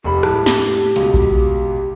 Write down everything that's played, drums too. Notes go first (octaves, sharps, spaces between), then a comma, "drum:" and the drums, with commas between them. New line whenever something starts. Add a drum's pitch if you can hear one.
F1 G4 B5
A2 A5, drum: rim click
drum: snare
C#2 B2, drum: hi-hat
drum: kick A#1